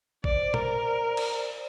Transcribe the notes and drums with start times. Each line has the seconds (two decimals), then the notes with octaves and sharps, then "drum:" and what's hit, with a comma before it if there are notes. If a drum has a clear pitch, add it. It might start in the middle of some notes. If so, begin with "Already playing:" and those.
0.24 C5 D5, drum: kick
0.43 C5
0.54 A#4, drum: tom
0.63 D5
1.17 drum: cymbal